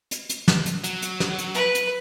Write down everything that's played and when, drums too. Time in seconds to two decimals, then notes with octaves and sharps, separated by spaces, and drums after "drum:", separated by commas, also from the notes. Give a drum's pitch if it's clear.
0.11 drum: hi-hat
0.29 drum: hi-hat
0.48 drum: snare
0.66 drum: hi-hat
0.84 F#3, drum: hi-hat
1.02 drum: hi-hat
1.20 drum: snare
1.38 drum: hi-hat
1.54 B4, drum: hi-hat
1.75 drum: hi-hat